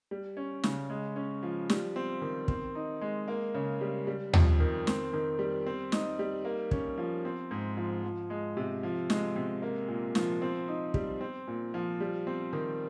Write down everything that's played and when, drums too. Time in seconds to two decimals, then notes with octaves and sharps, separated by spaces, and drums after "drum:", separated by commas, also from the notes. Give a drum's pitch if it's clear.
0.11 G3
0.37 C#4
0.63 C#3, drum: snare
0.90 G#3
1.16 C#4
1.43 F3
1.70 G3, drum: snare
1.96 C4
2.22 D#3
2.48 C4, drum: kick
2.75 D#4
3.01 G#3
3.28 A#3
3.54 C#3
3.81 G3
4.07 G3
4.33 F2, drum: tom D#2
4.60 D#3
4.87 C4, drum: snare
5.13 D#3
5.39 G3
5.66 C4
5.92 D#4, drum: snare
6.19 G3
6.45 A#3
6.71 C#4, drum: kick
6.98 F3
7.25 C4
7.51 G#2
7.77 F3
8.04 F3
8.30 G#3
8.57 C3
8.83 F3
9.10 G#3, drum: snare
9.36 C3
9.62 A#3
9.88 A#2
10.15 F3, drum: snare
10.42 C4
10.68 D#4
10.94 G3, drum: kick
11.21 C4
11.47 A#2
11.74 F3
12.00 G3
12.27 C4
12.53 D#3